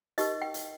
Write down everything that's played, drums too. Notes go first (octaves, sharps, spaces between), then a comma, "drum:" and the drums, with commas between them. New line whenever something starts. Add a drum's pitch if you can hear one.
D#4 G4 A#4 D#5, drum: hi-hat
G5
drum: hi-hat